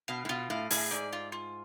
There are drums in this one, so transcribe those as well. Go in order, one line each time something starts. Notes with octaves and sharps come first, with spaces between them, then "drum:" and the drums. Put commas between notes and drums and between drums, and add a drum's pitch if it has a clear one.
B2 F5
A2
B2 F4
A2 F5
A2 G#4, drum: open hi-hat
G#2 D5
F4
F4